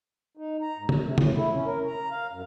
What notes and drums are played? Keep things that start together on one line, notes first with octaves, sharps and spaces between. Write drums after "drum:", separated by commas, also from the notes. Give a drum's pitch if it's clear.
D#4
A#5
G#2
F#2, drum: tom
C3
A2, drum: tom
E4
C#4
A#4
A#5
F5
F#2